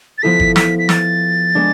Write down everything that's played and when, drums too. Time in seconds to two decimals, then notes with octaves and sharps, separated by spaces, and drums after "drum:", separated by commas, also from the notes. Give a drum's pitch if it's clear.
0.18 A6
0.22 F3 B3 E4 A4 B6
0.40 drum: kick
0.56 B6, drum: snare
0.79 B6
0.89 A6, drum: snare
1.55 G#3 B3 D4